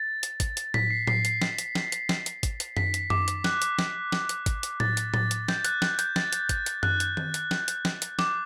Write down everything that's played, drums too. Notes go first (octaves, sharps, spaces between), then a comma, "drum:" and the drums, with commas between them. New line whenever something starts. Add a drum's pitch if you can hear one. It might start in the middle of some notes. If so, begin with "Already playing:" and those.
Already playing: A6
drum: hi-hat
drum: kick G#1, hi-hat
drum: hi-hat
B6, drum: tom A2
C7
C7, drum: tom A2
C7, drum: hi-hat
drum: snare
drum: hi-hat
drum: snare
drum: hi-hat
drum: snare
drum: hi-hat
drum: kick G#1, hi-hat
drum: hi-hat
B6, drum: tom F#2
drum: hi-hat
D6, drum: tom F#2
drum: hi-hat
F#6, drum: snare
drum: hi-hat
drum: snare
drum: snare
drum: hi-hat
drum: kick G#1, hi-hat
drum: hi-hat
A6, drum: tom A2
drum: hi-hat
A6, drum: tom A2
drum: hi-hat
G6, drum: snare
F#6, drum: hi-hat
F#6, drum: snare
G6, drum: hi-hat
A6, drum: snare
drum: hi-hat
F#6, drum: kick G#1, hi-hat
drum: hi-hat
F#6, drum: tom F#2
drum: hi-hat
drum: tom D#3
drum: hi-hat
drum: snare
drum: hi-hat
drum: snare
drum: hi-hat
D6, drum: snare